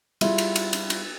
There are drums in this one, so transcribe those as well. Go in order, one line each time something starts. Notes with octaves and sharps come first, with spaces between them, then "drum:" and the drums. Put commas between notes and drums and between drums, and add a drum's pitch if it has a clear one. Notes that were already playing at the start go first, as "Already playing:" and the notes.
G3 E4 F4 G#4, drum: cymbal
drum: cymbal
drum: cymbal
drum: cymbal
drum: cymbal